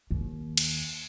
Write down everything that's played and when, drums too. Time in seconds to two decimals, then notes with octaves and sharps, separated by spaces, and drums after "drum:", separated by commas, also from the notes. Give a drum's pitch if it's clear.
0.11 D#2
0.57 drum: cymbal